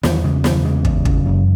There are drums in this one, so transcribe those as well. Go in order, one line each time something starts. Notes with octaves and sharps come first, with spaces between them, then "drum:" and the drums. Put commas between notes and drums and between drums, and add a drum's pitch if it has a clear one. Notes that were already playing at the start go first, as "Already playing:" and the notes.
E2 D#3 F#3, drum: snare
F#3
C#3 E3 G#3
E2 D#3 F#3, drum: snare
C#3 E3 G#3
E2, drum: kick
C#3, drum: kick
F#2